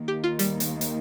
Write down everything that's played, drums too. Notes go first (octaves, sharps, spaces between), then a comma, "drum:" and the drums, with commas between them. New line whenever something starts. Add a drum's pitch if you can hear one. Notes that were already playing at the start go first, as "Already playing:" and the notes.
Already playing: D#2 D#3 A#3
G4
F4
G3, drum: hi-hat
drum: hi-hat
drum: hi-hat